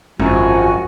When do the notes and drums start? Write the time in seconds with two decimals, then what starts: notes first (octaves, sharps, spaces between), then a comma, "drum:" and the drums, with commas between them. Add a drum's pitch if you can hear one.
0.20 G#1 F#2 F3 F#4 G#5, drum: tom G#3